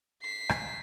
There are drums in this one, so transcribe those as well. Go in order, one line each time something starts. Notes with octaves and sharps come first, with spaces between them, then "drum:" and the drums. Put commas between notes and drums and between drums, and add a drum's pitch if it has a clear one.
B6 C7
drum: rim click